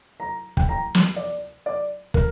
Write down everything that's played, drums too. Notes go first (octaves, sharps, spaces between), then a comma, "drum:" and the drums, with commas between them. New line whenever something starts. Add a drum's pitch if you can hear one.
A#5
G5, drum: kick
A#5
drum: snare
D5
D5
A#4, drum: kick